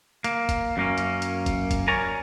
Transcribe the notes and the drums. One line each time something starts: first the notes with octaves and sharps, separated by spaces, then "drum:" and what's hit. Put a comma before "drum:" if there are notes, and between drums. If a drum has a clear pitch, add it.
A#3, drum: hi-hat
drum: kick, hi-hat
F#2 A#3 C#4
drum: hi-hat
drum: hi-hat
drum: kick, hi-hat
drum: kick, hi-hat
A#4 C#5 D5 G#5 A#5